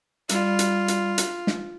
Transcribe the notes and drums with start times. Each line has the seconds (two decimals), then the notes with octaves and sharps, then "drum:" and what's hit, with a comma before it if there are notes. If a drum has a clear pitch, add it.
0.29 G3 F4, drum: hi-hat
0.59 drum: hi-hat
0.88 drum: hi-hat
1.18 drum: hi-hat
1.47 drum: snare